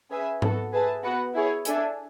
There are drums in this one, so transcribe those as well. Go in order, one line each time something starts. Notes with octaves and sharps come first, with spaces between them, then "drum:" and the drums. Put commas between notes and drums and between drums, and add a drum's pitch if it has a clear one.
C#4 G#4 B4 E5 G#5
B3 F#4 A4, drum: tom G#2
G#4 B4 E5 A5
B3 F#4 B4 F#5
E4 G#4 C#5
D4 A4 E5 G#5, drum: hi-hat